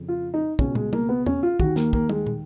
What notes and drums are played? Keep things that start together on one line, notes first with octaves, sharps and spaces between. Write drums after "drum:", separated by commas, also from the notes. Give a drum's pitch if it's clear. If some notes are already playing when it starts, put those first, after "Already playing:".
Already playing: F2 C#3
F4
D#4
C#2 B2 C#4, drum: kick
G#3, drum: tom
A#3, drum: tom
B3
C#4, drum: tom
F4
D#2 D#3 F#4, drum: kick
A#3, drum: snare
A#3, drum: kick
G#3, drum: tom
drum: tom